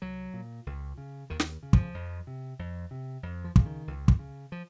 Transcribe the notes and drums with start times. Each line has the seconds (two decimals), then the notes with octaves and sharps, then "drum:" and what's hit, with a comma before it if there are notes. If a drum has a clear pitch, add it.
0.02 C2 F#3
0.34 A#2
0.66 C#2
0.98 C#3
1.30 D#2 D#3
1.40 drum: snare
1.63 C#3
1.73 F3, drum: kick
1.94 F2
2.27 C3
2.59 F2
2.91 C3
3.23 F2
3.44 F3
3.56 C#3, drum: kick
3.66 D#3
3.87 C#2
4.08 drum: kick
4.19 C#3
4.52 F3